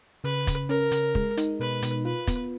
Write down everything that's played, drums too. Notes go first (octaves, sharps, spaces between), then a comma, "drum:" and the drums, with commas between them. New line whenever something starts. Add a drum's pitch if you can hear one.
C#3 B4
C#3, drum: kick, hi-hat
C#4 A#4
C#3, drum: hi-hat
G#3, drum: kick
D#4, drum: hi-hat
B2 B4
B2, drum: hi-hat
F4 B4
B3, drum: kick, hi-hat